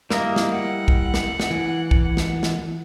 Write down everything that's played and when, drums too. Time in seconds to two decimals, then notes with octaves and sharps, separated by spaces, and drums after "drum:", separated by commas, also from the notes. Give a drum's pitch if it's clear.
0.10 G3 A#3 E4 D#5, drum: snare
0.36 drum: snare
0.53 F#5
0.88 drum: kick B1
1.14 drum: snare
1.40 drum: snare
1.50 E3
1.91 drum: kick B1
2.17 drum: snare
2.43 drum: snare